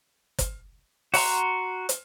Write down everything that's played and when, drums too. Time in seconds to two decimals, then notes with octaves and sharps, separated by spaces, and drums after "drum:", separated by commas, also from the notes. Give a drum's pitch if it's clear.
0.38 drum: kick G1, hi-hat
1.14 F#4 F#5 A#5 C6, drum: open hi-hat
1.89 drum: hi-hat